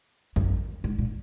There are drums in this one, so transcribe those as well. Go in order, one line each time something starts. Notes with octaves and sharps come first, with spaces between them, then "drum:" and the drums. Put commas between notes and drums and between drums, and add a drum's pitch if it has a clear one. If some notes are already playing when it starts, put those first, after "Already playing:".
F#2, drum: kick A1
G#2
A#2